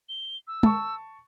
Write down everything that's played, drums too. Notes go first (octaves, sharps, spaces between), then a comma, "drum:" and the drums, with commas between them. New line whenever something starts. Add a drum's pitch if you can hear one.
G7
E6
A5 C#6, drum: tom